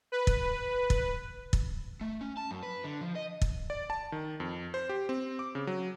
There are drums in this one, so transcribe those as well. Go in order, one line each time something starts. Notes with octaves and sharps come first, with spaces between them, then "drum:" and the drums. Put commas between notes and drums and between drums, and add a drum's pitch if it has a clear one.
B4
drum: kick
drum: kick
drum: kick
A3
C#4
A5
F#2
B4
D3
F3
D#5
drum: kick
D5
A5
D#3
F2
C5
G4
C4
D6
C#3
F#3